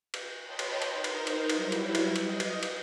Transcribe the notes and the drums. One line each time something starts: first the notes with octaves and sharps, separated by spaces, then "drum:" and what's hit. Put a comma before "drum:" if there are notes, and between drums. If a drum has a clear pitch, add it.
drum: cymbal
C#5 D#5 G5 A5 B5 C6
drum: cymbal
drum: cymbal
D#4 A#4 C5
drum: cymbal
drum: cymbal
F#3 G3 E4, drum: cymbal
drum: cymbal
drum: cymbal
D#5, drum: cymbal
drum: cymbal
drum: cymbal